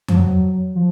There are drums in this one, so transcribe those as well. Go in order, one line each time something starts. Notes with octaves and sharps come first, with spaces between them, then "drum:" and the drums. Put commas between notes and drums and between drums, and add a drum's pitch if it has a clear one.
F3, drum: tom F2
F#3
F3